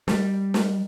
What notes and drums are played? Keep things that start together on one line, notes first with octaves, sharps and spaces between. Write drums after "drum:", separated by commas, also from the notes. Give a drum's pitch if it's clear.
G3, drum: snare
drum: snare